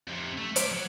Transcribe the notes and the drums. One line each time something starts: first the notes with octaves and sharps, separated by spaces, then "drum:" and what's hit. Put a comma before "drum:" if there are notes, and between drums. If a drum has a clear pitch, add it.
F2 C3
A3
G#3 D5, drum: hi-hat
F#3